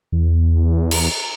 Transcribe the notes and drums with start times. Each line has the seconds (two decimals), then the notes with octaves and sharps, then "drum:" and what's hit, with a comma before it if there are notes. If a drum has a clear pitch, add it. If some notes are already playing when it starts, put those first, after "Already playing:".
0.12 E2
0.91 drum: cymbal